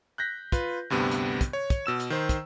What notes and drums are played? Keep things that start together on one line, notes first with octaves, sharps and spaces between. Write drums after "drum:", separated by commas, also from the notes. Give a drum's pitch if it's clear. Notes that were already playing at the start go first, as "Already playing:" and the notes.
F#6 G6 A#6 B6
F4 B4, drum: kick, hi-hat
D2 G2 C3 B3
drum: hi-hat
drum: kick, hi-hat
C#5
drum: kick, hi-hat
B2 E6 E7
drum: hi-hat
D#3 C5
drum: kick, hi-hat